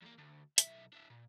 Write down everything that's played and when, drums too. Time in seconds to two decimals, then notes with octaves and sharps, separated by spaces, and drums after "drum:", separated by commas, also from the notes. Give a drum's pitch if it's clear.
0.02 E2 A#3
0.18 D2
0.58 B1 E5, drum: hi-hat
0.93 D4 E4
1.10 A#2